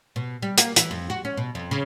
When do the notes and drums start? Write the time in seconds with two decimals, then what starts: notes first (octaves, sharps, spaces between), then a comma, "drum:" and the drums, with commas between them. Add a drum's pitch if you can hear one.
0.16 B2
0.42 G3
0.58 A#3, drum: hi-hat
0.76 E3, drum: hi-hat
0.91 F2
1.10 F#4
1.25 C#4
1.37 B2
1.55 F2
1.71 C#3